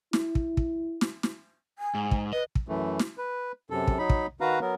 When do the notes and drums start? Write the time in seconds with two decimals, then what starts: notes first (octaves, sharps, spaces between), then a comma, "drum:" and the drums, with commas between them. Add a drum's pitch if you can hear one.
0.13 E4, drum: snare
0.35 drum: kick
0.57 drum: kick
1.01 drum: snare
1.23 drum: snare
1.79 G#5
1.95 G#2
2.11 drum: kick
2.33 B4 D#5
2.55 drum: kick
2.68 F#2 E3 A3
2.99 drum: snare
3.18 B4
3.70 F#2 C3 A4
3.88 drum: kick
3.99 F#3 D#4 B5
4.10 drum: kick
4.41 D#3 F#4 B4 F5 A#5
4.61 F#3 B3 A#4